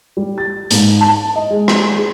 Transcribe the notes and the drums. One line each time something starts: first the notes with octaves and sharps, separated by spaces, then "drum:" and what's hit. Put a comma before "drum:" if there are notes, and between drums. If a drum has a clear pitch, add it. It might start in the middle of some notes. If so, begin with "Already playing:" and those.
G3
A6
G#2, drum: hi-hat
A5
D#5
G#3
drum: rim click
G#4